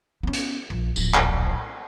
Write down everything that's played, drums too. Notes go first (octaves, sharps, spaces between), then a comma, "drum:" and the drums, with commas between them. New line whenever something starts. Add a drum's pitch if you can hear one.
B3 C#4
drum: hi-hat
A#1
D1 A#1, drum: tambourine
drum: clap